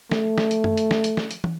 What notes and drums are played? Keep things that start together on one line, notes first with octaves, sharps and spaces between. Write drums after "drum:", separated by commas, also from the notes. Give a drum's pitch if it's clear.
A3, drum: snare
drum: snare
drum: hi-hat
drum: tom F#2
drum: hi-hat
drum: snare
drum: hi-hat
drum: snare
drum: hi-hat
drum: tom